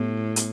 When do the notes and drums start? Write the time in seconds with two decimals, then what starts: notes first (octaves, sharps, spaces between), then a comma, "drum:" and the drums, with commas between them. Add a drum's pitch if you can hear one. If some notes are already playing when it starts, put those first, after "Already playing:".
Already playing: A2 B3 E4 G4
0.36 B3, drum: hi-hat